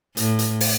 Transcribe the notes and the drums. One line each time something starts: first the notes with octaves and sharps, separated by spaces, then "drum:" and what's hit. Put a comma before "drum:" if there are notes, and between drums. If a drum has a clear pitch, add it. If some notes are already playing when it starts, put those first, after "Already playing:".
A2, drum: hi-hat
drum: hi-hat
drum: open hi-hat